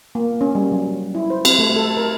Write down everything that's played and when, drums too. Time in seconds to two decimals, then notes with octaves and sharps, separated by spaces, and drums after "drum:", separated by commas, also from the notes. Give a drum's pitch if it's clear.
0.15 A#3
0.41 C#4
0.55 G3
0.72 F#3
1.15 E4
1.30 C5
1.45 C4, drum: cymbal
1.59 A3
1.76 A4
1.97 A#4